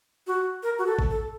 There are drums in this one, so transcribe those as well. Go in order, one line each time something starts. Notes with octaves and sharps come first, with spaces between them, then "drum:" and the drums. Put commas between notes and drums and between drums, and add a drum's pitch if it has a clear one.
F#4
A#4
F#4
A4
drum: kick A1
A4